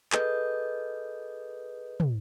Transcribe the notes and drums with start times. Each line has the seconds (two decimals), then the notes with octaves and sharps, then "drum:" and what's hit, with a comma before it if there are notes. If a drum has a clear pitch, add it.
0.12 G#4 A4 B4 D#5 D#6 G6, drum: clap
2.00 drum: tom